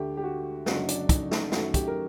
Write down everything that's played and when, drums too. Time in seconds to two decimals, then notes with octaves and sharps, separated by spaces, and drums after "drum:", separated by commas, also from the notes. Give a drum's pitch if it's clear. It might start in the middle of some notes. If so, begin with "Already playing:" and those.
Already playing: D2 D3 A3 G4
0.17 G4
0.23 F#4
0.66 F#1 F#2 D3 F#3 F#4, drum: snare
0.89 D4, drum: hi-hat
1.09 D#4, drum: kick, hi-hat
1.31 D#4, drum: snare
1.52 F#2 D#3 F#3 A3 F#4, drum: snare
1.74 G4, drum: kick, hi-hat
1.88 A#4